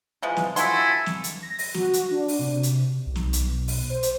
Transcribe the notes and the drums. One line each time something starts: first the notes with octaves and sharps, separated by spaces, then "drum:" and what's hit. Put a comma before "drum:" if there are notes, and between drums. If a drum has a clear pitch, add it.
E3 F3 G#3
drum: snare
F3 E4 F#4 A4 G#5 C6, drum: hi-hat
drum: snare
drum: hi-hat
A#6
drum: open hi-hat
F#4, drum: snare
drum: hi-hat
D4
drum: open hi-hat
C3
drum: hi-hat
B1
drum: snare
drum: hi-hat
drum: open hi-hat
C5
drum: hi-hat